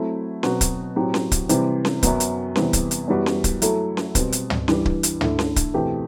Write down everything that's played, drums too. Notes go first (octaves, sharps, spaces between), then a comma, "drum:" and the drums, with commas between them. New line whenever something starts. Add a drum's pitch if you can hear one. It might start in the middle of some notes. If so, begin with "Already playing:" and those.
Already playing: F#3 A3 C4 E4
B2 F#3 C4 F#4, drum: snare C#4
drum: kick C#1, hi-hat
A2 F#3 C4 G4
drum: snare C#4
drum: kick C#1, hi-hat
C3 E3 G3 C4, drum: hi-hat
drum: snare C#4
F#2 F#3 B3, drum: kick C#1, hi-hat
drum: hi-hat
E2 C3 G3 B3, drum: snare C#4
drum: kick C#1, hi-hat
drum: hi-hat
F#2 E3 G3 B3 F#4
drum: snare C#4
drum: kick C#1, hi-hat
F#3 A3 E4 A4, drum: hi-hat
drum: snare C#4
B2 G3 C4, drum: kick C#1, hi-hat
drum: hi-hat
drum: tom
G2 E3 G3, drum: snare C#4
drum: kick C#1
drum: hi-hat
D3 A3 E4 A4, drum: tom
drum: snare C#4
drum: kick C#1, hi-hat
E2 B2 A3 C4 G4